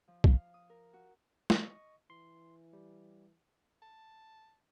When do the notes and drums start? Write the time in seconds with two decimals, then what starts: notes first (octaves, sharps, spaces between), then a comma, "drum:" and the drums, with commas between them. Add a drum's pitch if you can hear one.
0.08 F3
0.24 F5, drum: kick
0.54 D#6
0.70 A#4
0.93 F#4
1.50 drum: snare
1.64 D#5 C#6
2.10 E3 C6
2.73 G3
3.82 A5